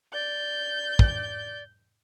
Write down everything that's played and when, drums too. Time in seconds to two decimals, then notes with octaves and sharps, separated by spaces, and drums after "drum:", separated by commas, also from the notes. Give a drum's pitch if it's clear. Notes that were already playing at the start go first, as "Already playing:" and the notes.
0.14 D5 G6
0.99 drum: kick